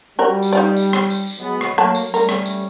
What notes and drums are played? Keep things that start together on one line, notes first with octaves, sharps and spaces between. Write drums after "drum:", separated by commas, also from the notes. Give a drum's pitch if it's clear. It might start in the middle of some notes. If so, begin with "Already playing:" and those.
G3 F#4 A#4 D5
drum: tambourine
D#4 F4 D5
drum: tambourine
drum: rim click
drum: tambourine
drum: tambourine
F#3 G#3 B3
drum: rim click
F#3 A3 A#3 C#5 A5
drum: tambourine
G3 A3 C#4 A#4, drum: tambourine
drum: rim click
drum: tambourine